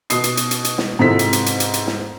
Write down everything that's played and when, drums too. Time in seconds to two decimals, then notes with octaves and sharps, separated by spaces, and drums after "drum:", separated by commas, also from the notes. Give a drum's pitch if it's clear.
0.10 B2 D#6 C7, drum: hi-hat
0.24 drum: hi-hat
0.37 drum: hi-hat
0.51 drum: hi-hat
0.64 drum: hi-hat
0.78 drum: snare
0.99 G#2 C3 F3 E4 A4 B6
1.19 drum: hi-hat
1.33 drum: hi-hat
1.46 drum: hi-hat
1.60 drum: hi-hat
1.74 drum: hi-hat
1.87 drum: snare